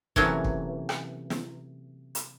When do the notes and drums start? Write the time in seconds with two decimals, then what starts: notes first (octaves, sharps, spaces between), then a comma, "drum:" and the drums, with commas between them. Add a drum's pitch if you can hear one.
0.16 C3 E3 F#3 A3 A#3 C#4, drum: kick
0.44 drum: kick
0.89 drum: rim click
1.30 drum: snare
2.15 drum: hi-hat